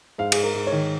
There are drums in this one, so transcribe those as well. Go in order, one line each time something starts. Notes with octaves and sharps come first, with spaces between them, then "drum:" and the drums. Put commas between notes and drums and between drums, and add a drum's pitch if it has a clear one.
G#2 F5
G#2 G#4, drum: cymbal
A#4
G#2
C#5
D#3